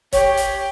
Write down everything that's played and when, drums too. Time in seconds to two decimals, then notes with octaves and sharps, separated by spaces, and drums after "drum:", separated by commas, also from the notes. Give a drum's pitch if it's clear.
0.13 G4 C#5, drum: kick, hi-hat
0.37 drum: hi-hat